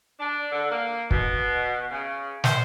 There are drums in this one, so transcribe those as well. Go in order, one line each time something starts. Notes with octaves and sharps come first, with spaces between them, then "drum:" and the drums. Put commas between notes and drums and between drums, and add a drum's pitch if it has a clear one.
D4
D3
A#3
B2, drum: kick
C#3
C5, drum: snare